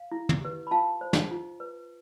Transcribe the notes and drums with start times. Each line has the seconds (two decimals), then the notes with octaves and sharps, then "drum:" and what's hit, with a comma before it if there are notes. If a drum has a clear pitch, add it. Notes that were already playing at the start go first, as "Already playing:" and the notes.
Already playing: F5
0.12 E4
0.29 drum: tom
0.41 G4 B4
0.67 B5
0.71 F4 F5 A5
1.01 C5
1.13 drum: snare
1.31 F4
1.60 B4